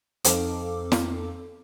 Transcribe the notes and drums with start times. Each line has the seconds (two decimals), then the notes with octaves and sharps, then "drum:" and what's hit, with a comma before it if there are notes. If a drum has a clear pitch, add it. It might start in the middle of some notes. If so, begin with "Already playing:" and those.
0.24 F2 C4 D#4 A4 F5 D6, drum: hi-hat
0.92 drum: snare